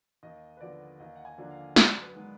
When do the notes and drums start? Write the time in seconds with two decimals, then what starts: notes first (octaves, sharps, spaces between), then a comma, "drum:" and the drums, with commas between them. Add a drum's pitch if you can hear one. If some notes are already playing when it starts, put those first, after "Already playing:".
0.23 D#2 D#5
0.57 B4
0.61 D3 F3 B3 D5
0.99 D#2 D#5
1.16 F#5
1.25 G#5
1.38 D3 F3 A#3 D4
1.51 F5
1.76 F#2 D5, drum: snare
2.02 B4
2.14 D#3 G#3 B3